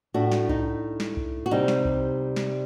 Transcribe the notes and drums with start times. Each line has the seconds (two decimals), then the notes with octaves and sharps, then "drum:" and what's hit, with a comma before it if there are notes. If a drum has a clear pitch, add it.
0.14 A2 A3 D4 F#4
0.32 drum: snare
0.49 D#4, drum: kick
1.00 drum: snare
1.17 drum: kick
1.46 F#4
1.51 C3 G3 C4 D#4
1.68 drum: snare
1.85 drum: kick
2.36 drum: snare